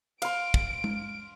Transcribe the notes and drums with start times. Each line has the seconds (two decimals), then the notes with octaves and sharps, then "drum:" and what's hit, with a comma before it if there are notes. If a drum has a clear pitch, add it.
0.22 F5 C6 D7, drum: cymbal
0.54 drum: kick
0.84 drum: tom G#3